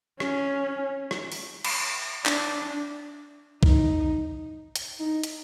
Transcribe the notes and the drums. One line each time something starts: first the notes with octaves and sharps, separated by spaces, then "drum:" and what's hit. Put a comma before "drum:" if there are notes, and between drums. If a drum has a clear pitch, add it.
C#4, drum: rim click
drum: rim click
drum: open hi-hat
drum: cymbal
D4, drum: clap
D#4, drum: kick B1
drum: hi-hat
D#4
drum: hi-hat